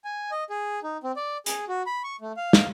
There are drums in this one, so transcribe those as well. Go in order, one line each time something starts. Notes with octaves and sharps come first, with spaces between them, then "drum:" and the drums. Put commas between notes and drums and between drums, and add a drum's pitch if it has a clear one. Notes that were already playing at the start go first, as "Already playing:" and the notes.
G#5
D#5
G#4
D#4
C4
D5
G#4, drum: hi-hat
F#4
B5
C#6
A3
F5
drum: snare